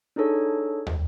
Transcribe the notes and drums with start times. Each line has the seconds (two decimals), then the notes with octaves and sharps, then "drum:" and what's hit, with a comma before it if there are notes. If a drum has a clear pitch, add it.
0.16 D4 D#4 G#4 A4 C#5
0.86 drum: tom